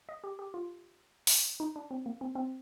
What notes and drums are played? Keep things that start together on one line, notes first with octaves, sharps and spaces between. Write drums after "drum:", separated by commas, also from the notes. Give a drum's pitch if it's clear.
D#5
G4
G4
F4
drum: open hi-hat
D#4
D4
C4
A#3
C4
C4